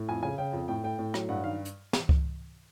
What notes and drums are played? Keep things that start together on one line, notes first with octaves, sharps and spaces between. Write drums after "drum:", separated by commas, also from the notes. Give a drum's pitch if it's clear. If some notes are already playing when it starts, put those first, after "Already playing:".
Already playing: A2
F2 G#5
C#3 G#5
C#3 G5
F2
A2 G5
A2 G5
A2
F#3, drum: rim click
G2 F#5
D#3 F5
drum: hi-hat
drum: snare
drum: kick C#2